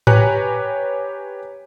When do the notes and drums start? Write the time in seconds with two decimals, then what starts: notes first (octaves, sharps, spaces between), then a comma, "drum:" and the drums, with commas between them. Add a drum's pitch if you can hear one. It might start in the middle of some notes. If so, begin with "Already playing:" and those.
0.07 G4 B4 C#5 G#5 A#5 F#6, drum: tom G#2